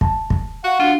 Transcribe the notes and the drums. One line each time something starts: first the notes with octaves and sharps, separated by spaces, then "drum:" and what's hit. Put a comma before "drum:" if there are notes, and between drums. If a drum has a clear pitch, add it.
A5, drum: kick
drum: kick
F#4 F5 F#5
D4 F4 F#4